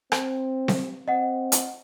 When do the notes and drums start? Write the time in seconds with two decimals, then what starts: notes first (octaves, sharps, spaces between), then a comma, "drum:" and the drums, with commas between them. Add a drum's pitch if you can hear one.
0.12 C4, drum: rim click
0.68 drum: snare C4
1.08 C4 D#5 F#5
1.52 drum: hi-hat